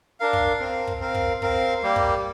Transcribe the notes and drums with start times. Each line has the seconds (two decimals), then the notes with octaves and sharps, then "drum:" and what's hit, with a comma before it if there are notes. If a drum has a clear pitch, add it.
0.20 D4 A#4 F5
0.33 drum: kick
0.60 C4 A#4 F5
0.87 drum: kick
1.00 C4 A#4 F5
1.15 drum: kick
1.42 C4 A#4 F5, drum: kick
1.83 G3 A#3 G4
1.96 drum: kick